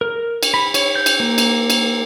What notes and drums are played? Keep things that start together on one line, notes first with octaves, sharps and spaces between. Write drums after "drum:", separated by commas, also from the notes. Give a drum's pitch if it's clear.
A#4
drum: cymbal
B5
C#5, drum: cymbal
G6
drum: cymbal
A#3
drum: cymbal
drum: cymbal